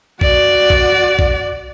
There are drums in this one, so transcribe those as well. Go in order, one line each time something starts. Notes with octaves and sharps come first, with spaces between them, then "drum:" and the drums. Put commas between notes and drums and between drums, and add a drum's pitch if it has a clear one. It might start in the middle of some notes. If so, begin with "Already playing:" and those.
F#4 D5, drum: kick A#1
drum: kick A#1
drum: kick A#1